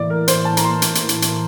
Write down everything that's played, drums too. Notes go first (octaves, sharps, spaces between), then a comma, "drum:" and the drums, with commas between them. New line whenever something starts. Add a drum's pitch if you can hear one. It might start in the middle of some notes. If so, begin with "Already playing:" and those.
Already playing: A2 E3 A#3 E4 D5
A#4
C5, drum: hi-hat
A5
A#5, drum: hi-hat
C6
drum: hi-hat
drum: hi-hat
drum: hi-hat
drum: hi-hat